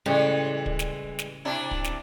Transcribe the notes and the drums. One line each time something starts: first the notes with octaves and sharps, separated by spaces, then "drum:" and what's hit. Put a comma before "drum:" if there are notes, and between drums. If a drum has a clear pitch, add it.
A2 C#3 E3 G3 G#3
drum: kick
drum: snare
drum: snare
C3 D4 E4
drum: kick
drum: snare